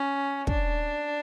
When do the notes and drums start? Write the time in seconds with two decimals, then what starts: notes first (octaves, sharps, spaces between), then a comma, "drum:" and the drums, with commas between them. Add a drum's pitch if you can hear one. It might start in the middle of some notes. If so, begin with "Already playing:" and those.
Already playing: C#4
0.47 D4, drum: kick